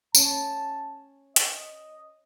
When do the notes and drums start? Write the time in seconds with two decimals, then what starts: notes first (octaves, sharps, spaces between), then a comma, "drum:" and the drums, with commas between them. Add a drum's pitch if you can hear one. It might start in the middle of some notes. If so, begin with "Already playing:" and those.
0.15 C#4 A5, drum: tambourine
1.36 D#5, drum: hi-hat